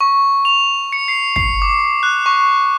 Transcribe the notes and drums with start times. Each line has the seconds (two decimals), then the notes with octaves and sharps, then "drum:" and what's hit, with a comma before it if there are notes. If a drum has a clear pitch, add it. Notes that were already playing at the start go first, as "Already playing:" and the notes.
0.01 C#6
0.45 F7
0.93 C#7
1.08 C7
1.36 C7, drum: kick
1.62 D6
2.03 F#6
2.26 C#6